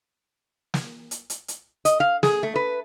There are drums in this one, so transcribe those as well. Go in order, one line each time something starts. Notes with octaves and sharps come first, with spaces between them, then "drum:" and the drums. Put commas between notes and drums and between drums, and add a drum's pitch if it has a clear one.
drum: snare
drum: hi-hat
drum: hi-hat
drum: hi-hat
D#5, drum: hi-hat
F5
G#4, drum: snare
A3
B4